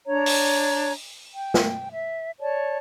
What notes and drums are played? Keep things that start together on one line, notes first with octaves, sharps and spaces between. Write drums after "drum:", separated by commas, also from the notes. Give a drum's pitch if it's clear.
D4 C#5 A#5
drum: open hi-hat
G5
drum: snare
E5
C#5 D5 A5